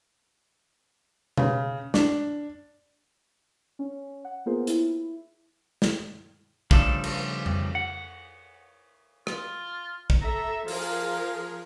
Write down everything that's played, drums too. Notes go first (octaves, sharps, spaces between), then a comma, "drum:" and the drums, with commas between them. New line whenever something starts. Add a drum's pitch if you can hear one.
C#3, drum: tom B2
D4, drum: snare
C#4
F#5
A#3 B3 F4 G#4 A#4 C5
E4, drum: hi-hat
drum: snare
C#3 F3 G3 A3 D4 A4, drum: kick
drum: cymbal
drum: tom F2
F#5
F4, drum: rim click
drum: kick
A4 E5 A#5
F3 G#4 A#4 F5, drum: open hi-hat